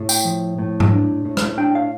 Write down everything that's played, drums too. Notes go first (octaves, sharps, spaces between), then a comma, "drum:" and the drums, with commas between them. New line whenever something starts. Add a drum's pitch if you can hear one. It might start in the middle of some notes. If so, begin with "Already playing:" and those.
Already playing: A2
G5, drum: tambourine
F3
A2
drum: tom G#2
D4
A2
drum: rim click
D4 G5
F5